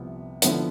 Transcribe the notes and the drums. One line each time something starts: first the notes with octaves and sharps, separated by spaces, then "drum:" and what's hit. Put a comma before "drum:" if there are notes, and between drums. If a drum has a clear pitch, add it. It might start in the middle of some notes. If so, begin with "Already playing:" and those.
Already playing: C2 C3 F3 B3
D3 F3 B3 E4, drum: hi-hat